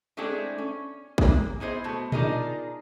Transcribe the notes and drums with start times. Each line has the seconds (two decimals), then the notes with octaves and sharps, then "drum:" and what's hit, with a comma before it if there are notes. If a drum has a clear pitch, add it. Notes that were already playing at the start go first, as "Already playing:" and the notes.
0.17 G#3 A3 C4 D4 E4 G#4
0.58 C#4
1.18 G#3 A#3, drum: kick
1.60 B3 E4 G#4 C5 D#5
1.84 B2 A3
2.12 D4 D#4 F4 G#4 A#4 D#5, drum: tom A#2